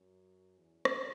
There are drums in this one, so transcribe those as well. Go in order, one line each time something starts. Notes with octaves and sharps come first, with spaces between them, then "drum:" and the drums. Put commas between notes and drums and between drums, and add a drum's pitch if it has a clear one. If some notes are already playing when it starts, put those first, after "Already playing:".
Already playing: F#2
E2
drum: rim click